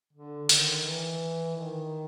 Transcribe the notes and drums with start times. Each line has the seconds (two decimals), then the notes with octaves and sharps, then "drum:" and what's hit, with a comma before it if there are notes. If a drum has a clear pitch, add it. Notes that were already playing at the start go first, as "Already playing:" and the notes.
0.13 D3
0.49 D#3, drum: open hi-hat
0.85 E3
1.56 D#3